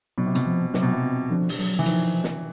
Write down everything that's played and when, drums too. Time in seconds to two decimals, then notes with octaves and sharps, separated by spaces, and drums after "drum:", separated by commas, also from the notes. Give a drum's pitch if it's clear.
0.18 B2 F#3
0.26 C3
0.35 B2, drum: hi-hat
0.46 F3
0.74 C3 F#3, drum: snare
0.82 B2
0.91 C3
1.30 D3 F3
1.49 drum: open hi-hat
1.59 F#3
1.79 E3
1.86 D#3 F3, drum: hi-hat
2.24 drum: snare